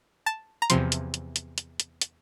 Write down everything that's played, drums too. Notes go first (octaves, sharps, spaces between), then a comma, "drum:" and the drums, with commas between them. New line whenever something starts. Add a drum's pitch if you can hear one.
A5
A#5
E2 C3 F3 C6, drum: hi-hat
drum: hi-hat
drum: hi-hat
drum: hi-hat
drum: hi-hat
drum: hi-hat
drum: hi-hat